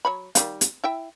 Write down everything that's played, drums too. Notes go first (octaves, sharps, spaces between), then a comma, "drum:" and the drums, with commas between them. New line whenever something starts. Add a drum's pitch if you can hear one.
F#3 C#5 B5
D#3 G3 F5, drum: hi-hat
drum: hi-hat
E4 E5 G5